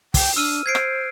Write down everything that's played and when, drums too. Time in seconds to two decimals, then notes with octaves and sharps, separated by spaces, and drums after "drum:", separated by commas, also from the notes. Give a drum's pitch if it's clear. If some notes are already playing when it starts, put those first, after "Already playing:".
0.14 G5, drum: kick, open hi-hat
0.36 D4 E6 F6 D#7
0.66 C5 G#6 C7 D7
0.75 drum: rim click